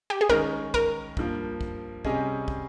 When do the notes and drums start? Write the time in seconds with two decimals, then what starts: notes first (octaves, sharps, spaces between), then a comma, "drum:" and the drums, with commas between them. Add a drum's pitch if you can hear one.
0.10 G4
0.21 G#4
0.29 D#3 G#3 C#4 A#4, drum: kick
0.74 A#4, drum: kick
1.17 G2 F3 A#3, drum: kick
1.61 drum: kick
2.05 C3 G3 C#4 G#4 D#5, drum: kick
2.48 drum: kick